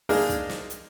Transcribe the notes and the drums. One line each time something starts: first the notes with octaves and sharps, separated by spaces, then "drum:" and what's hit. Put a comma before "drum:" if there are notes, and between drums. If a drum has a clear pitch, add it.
G#3 A#3 D4 D#4 G#4 A#4, drum: open hi-hat
drum: kick, hi-hat
drum: snare
drum: hi-hat